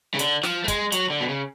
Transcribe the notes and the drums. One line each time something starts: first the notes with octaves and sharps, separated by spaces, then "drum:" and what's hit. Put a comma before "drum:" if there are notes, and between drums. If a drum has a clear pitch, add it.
C#3
D3, drum: hi-hat
F3, drum: snare
A3
G#3, drum: kick, hi-hat
F#3, drum: hi-hat
D3
B2
C#3